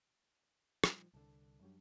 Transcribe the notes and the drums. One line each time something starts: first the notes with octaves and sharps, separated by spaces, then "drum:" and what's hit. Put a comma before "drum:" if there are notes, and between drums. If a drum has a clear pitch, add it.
A#2 F3 G3 D#4, drum: rim click
C2 D3 D4 A5
F#2 F#3 G3